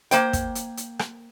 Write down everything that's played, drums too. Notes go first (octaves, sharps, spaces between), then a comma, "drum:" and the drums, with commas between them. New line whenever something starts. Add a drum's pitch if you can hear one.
A#3 C5 G5, drum: hi-hat
drum: kick, hi-hat
drum: hi-hat
drum: hi-hat
drum: rim click